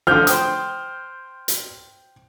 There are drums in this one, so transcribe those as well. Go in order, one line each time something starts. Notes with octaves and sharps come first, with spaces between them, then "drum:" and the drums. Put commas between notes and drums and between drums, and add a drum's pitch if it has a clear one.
D3 F3 F6 G6
C5 G5 D#6, drum: hi-hat
drum: hi-hat